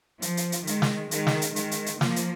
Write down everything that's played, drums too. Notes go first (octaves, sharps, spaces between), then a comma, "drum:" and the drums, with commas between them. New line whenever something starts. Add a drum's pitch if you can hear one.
F3, drum: hi-hat
drum: hi-hat
drum: hi-hat
D#3 G#3, drum: hi-hat
drum: snare
D#3 G#3, drum: hi-hat
drum: snare
drum: hi-hat
D#3 G#3, drum: hi-hat
drum: hi-hat
drum: hi-hat
F3 A#3, drum: snare
drum: hi-hat